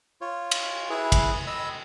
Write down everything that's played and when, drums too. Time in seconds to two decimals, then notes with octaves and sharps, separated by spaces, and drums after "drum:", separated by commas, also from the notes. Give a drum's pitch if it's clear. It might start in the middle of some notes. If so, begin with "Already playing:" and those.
0.21 F4 C#5
0.51 drum: cymbal
0.90 E4 G#4 B4
1.12 drum: kick, cymbal
1.47 D#5 B5 E6